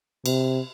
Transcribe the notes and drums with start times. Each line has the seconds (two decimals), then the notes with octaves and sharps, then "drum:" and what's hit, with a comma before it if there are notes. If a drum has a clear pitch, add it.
0.26 C3, drum: cymbal